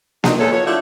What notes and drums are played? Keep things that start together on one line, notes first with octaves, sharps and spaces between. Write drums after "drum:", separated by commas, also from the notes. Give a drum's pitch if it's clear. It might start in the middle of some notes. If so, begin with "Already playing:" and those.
F#3 C4 D4 D#4, drum: snare A#3
E2 A#2 G#3 A3 A4 C#5
F3 A4 B4 C#5
F3 A3 A#3 D4 E4 F#4